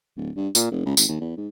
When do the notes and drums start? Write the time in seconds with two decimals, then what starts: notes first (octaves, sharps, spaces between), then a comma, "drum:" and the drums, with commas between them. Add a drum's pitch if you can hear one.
0.17 D1
0.37 G2
0.55 A#2, drum: tambourine
0.71 F1
0.86 C#2
0.97 G#1, drum: tambourine
1.08 D#2
1.21 E2
1.37 G#2